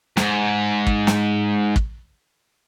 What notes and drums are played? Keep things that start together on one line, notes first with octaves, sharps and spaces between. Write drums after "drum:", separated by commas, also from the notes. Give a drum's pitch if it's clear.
E2 G#2, drum: snare
drum: kick
drum: snare
drum: kick